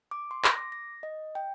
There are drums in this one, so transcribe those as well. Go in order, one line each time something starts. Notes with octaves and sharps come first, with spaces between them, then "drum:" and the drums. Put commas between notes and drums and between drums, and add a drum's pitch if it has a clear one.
D6
C6
A#6, drum: clap
D6
A#6
D#5
G5